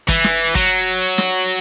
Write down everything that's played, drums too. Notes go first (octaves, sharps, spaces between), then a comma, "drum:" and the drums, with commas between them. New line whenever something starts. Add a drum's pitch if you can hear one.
E3, drum: kick
drum: snare
F#3, drum: kick
drum: snare